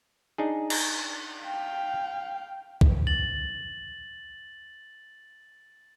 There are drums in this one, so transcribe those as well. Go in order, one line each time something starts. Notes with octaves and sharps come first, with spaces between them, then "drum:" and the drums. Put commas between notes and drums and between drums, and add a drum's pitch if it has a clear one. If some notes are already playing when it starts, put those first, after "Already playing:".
D4 D#4 G#4
drum: cymbal
F5 G5
drum: kick B1
A6 F#7